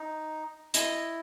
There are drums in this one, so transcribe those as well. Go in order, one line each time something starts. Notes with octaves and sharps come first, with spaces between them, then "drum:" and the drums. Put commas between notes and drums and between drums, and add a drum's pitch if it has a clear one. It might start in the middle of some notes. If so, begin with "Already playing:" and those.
Already playing: D#4
E4 D#5, drum: hi-hat